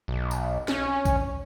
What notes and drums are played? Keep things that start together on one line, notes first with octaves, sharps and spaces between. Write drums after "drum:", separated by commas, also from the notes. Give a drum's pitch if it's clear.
B1
drum: tambourine
C#4, drum: snare
drum: kick A#1, tambourine